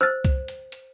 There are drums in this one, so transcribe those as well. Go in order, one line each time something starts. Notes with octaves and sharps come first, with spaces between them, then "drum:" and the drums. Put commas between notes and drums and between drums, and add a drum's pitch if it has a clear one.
C5 E6 F6 A6
drum: kick C2, hi-hat
drum: hi-hat
drum: hi-hat